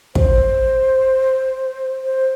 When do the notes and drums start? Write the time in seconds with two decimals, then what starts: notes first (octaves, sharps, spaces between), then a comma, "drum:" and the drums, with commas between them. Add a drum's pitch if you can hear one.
0.15 C5, drum: kick
2.03 C5